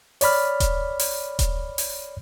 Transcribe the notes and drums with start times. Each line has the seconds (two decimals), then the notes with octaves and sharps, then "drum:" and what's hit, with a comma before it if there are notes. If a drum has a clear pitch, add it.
0.21 C#5 D5 B5 F6, drum: open hi-hat
0.60 drum: kick D#1, hi-hat
0.99 drum: open hi-hat
1.39 drum: kick D#1, hi-hat
1.78 drum: open hi-hat